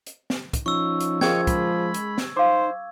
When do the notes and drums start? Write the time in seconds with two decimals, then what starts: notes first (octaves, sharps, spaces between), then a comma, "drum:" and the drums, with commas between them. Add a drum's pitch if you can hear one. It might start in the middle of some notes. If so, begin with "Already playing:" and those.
0.06 drum: hi-hat
0.30 drum: snare
0.53 drum: kick, hi-hat
0.66 F3 C#4 D#4 C#6 E6
1.00 drum: hi-hat
1.21 F3 C#4 G#4 A#4 D#5 F5 C#6 G#6, drum: snare
1.47 G#3 B5, drum: kick, hi-hat
1.94 drum: hi-hat
2.18 drum: snare
2.37 D#4 C5 F5 D6